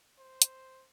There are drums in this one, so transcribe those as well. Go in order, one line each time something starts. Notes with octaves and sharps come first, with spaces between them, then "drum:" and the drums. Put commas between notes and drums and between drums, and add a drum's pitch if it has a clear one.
C5
drum: hi-hat